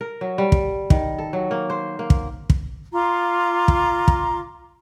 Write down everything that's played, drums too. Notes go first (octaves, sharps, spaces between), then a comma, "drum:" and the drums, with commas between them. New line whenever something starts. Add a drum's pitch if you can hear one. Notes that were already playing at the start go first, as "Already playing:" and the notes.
A#4
F#3
G3
drum: kick
D#3, drum: kick
A4
F#3
A#3
C5
A#3
drum: kick
drum: kick
F4 A#5 C6 D6
drum: kick
drum: kick